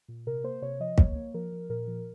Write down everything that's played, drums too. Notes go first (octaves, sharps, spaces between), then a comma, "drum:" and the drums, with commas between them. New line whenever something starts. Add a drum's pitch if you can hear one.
A#2
C3 A#4
A#3 C5
C3 C#5
F3 D#5
A#3 C#5, drum: kick
A#3
F3 A#4
F3
A#2 A#4
F3